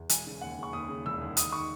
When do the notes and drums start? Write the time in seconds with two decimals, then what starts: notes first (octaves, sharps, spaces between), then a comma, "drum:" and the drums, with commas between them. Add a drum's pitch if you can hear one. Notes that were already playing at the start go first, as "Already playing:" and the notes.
Already playing: E2
0.09 E1 G#5, drum: hi-hat
0.27 C#3
0.41 D#2 F#5
0.58 C#3 C#6
0.73 D#2 D#6
0.89 C#3
1.06 E1 E6
1.21 D#2
1.37 D#3 D#6, drum: hi-hat
1.53 D#3 C#6